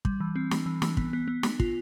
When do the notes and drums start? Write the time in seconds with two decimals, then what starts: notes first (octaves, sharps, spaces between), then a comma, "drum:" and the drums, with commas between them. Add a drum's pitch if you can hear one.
0.05 G3, drum: kick
0.20 E3
0.36 C4
0.51 E3, drum: snare
0.66 E3
0.82 E3, drum: snare
0.97 B3, drum: kick
1.13 B3
1.28 B3
1.43 B3, drum: snare
1.60 F4, drum: kick